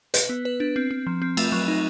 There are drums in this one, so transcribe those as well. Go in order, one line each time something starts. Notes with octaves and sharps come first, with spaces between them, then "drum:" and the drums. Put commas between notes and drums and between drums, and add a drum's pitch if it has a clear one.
B4, drum: hi-hat
B3
B4
D4
C4
C4
F3
C4
A3, drum: cymbal
F#3
D#4